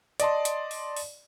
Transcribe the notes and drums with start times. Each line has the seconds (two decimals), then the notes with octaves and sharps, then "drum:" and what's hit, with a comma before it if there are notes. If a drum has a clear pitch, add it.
0.20 D5 D#5 A5 C6, drum: hi-hat
0.45 drum: hi-hat
0.71 drum: open hi-hat
0.97 drum: open hi-hat